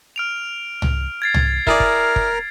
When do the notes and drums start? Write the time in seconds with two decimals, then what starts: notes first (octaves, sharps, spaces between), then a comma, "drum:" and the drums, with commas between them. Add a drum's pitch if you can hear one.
0.16 F6 D7 F7
0.82 drum: tom
1.22 G#6 A6 C7
1.34 drum: tom
1.67 E4 G#4 A#4 D5 F6, drum: kick
1.80 drum: kick
2.16 drum: kick